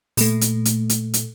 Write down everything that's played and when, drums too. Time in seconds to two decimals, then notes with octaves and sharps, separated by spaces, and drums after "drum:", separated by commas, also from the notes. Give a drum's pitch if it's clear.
0.17 A#2 A3, drum: open hi-hat
0.41 drum: hi-hat
0.65 drum: hi-hat
0.89 drum: hi-hat
1.14 drum: hi-hat